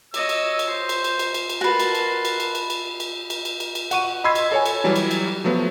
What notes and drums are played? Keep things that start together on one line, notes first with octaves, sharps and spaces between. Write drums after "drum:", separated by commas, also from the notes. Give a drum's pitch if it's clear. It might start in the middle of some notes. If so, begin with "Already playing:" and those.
C#5 D#5 E6, drum: cymbal
drum: cymbal
drum: cymbal
C5 C6
drum: cymbal
drum: cymbal
drum: cymbal
drum: cymbal
drum: cymbal
F#4 A#4 B4 A5 C6
drum: cymbal
drum: cymbal
drum: cymbal
drum: cymbal
drum: cymbal
drum: cymbal
drum: cymbal
drum: cymbal
drum: cymbal
drum: cymbal
drum: cymbal
F#5 C#6 D#7, drum: cymbal
D#5 B5 C6 E6 G#6 C7
drum: cymbal
A4 C#5 G#5
drum: cymbal
E3 F#3 G3
drum: cymbal
drum: cymbal
F3 F#3 A3 B3